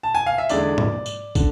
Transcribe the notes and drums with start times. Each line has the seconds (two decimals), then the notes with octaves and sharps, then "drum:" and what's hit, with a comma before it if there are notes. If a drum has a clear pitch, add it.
0.03 A5
0.15 G#5
0.26 F5
0.38 E5
0.49 E2 D3 G#3 D5, drum: tambourine
0.78 drum: tom G#2
1.06 drum: tambourine
1.35 D3, drum: kick, tambourine